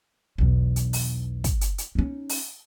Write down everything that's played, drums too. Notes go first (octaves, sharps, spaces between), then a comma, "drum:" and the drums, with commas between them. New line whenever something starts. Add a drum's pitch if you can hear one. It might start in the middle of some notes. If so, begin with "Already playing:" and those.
B1 E2
drum: hi-hat
drum: open hi-hat
drum: kick, hi-hat
drum: hi-hat
drum: hi-hat
C#4 D#4
drum: open hi-hat